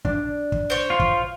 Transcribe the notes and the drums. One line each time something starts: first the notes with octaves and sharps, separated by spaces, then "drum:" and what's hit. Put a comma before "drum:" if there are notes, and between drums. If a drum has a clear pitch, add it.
D4, drum: kick
drum: kick
C5 C#5
F4
drum: kick